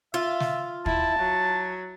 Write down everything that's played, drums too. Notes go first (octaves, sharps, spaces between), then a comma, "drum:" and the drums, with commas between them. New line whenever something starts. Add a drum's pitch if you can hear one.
F4 E5
drum: snare
E4 A5, drum: kick
F#3